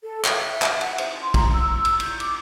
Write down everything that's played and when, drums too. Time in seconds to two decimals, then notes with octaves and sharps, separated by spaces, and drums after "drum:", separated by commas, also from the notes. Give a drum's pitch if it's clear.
0.03 A4
0.25 E5, drum: clap
0.50 E5
0.62 drum: clap
0.81 F#5, drum: cymbal
0.98 C5, drum: cymbal
1.23 C6
1.34 A#5, drum: kick, cymbal
1.53 E6
1.74 E6
1.85 drum: cymbal
2.00 G6, drum: cymbal
2.20 D6, drum: cymbal